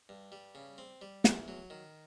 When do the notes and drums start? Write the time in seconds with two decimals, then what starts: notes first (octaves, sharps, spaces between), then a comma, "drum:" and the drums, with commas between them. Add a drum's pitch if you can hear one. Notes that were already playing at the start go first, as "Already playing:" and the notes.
0.09 G2
0.32 G3
0.55 C#3
0.78 C4
1.02 G3
1.24 E2, drum: snare
1.48 F#3
1.70 D#3